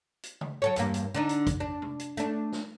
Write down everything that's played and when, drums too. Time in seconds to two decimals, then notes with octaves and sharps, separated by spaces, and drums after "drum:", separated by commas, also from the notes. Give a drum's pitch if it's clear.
0.23 drum: hi-hat
0.41 drum: tom C#3
0.62 F#3 A4 C#5
0.76 E2 G2 A#3, drum: hi-hat
0.94 drum: hi-hat
1.14 D3 D4 D#4
1.29 drum: hi-hat
1.47 drum: kick, hi-hat
1.60 D4
1.82 drum: tom C3
1.99 drum: hi-hat
2.17 A3 D4, drum: hi-hat
2.52 drum: snare